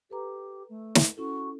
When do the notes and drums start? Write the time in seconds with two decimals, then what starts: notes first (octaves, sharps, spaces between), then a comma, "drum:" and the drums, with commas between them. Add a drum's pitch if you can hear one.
0.10 G4 A4 B4 A#5
0.69 A3
0.95 drum: snare
1.17 C#4 E4 F#4 A4